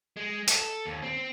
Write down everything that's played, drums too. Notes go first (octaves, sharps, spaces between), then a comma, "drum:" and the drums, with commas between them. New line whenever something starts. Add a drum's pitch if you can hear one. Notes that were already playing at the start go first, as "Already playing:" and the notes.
G#3
A4, drum: hi-hat
D#2
C4